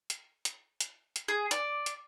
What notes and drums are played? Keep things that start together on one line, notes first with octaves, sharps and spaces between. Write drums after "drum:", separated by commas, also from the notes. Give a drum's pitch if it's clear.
drum: hi-hat
drum: hi-hat
drum: hi-hat
drum: hi-hat
G#4
D5, drum: hi-hat
drum: hi-hat